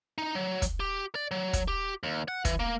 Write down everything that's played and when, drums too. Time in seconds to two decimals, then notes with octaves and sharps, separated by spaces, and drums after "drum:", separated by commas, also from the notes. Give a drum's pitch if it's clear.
0.18 D#4
0.35 F#3
0.62 drum: kick, hi-hat
0.80 G4
1.15 D5
1.31 F#3
1.53 drum: kick, hi-hat
1.68 G4
2.03 D#2
2.28 F#5
2.45 E3, drum: kick, hi-hat
2.60 A#3